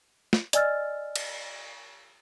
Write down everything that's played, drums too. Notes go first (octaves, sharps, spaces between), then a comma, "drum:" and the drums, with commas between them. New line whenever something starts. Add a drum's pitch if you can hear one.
drum: snare
D5 D#5 G#5 E6 F6 A6, drum: hi-hat
drum: cymbal